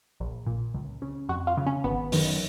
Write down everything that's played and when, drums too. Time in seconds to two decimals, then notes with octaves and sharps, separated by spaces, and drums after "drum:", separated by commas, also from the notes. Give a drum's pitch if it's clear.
0.20 A#1
0.46 A#2
0.74 C#2
1.02 C#3
1.29 F2 F#4
1.47 F4
1.57 C#3
1.67 C#4
1.84 G#1 B3
2.12 F#2 D#3, drum: open hi-hat